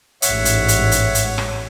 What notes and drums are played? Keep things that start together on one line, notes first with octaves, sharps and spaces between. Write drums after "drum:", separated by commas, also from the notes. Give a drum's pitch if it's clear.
A1 G#2 C#5 E5 F#5, drum: hi-hat
drum: hi-hat
drum: hi-hat
drum: hi-hat
drum: hi-hat
drum: rim click